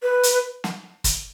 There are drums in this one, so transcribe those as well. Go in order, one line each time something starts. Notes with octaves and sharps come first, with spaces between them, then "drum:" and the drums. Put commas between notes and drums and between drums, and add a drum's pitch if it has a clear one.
B4
drum: hi-hat
drum: snare
drum: kick, hi-hat